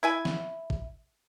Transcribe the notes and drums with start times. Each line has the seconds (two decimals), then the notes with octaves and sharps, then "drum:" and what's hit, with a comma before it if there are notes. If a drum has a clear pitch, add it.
0.03 E4 E5 G#5
0.25 drum: snare
0.70 drum: kick